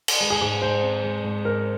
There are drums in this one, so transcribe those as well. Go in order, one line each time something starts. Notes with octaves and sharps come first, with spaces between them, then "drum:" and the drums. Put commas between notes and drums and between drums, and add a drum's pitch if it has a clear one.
drum: cymbal
G#3
G#4
G#2 G#4
G#2 C5
C4
G#3
G#2
G#2 A#4